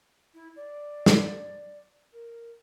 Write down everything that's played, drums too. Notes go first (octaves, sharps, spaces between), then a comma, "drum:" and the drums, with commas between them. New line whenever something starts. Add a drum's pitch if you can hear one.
E4
D5
drum: snare
A#4